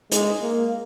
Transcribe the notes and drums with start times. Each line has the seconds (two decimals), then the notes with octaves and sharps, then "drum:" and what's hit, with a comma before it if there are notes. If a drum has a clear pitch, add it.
0.12 G#3, drum: hi-hat
0.42 A#3